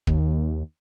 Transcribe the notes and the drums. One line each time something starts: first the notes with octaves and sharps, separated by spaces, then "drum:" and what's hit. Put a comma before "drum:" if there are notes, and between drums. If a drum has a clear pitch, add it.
D#2, drum: kick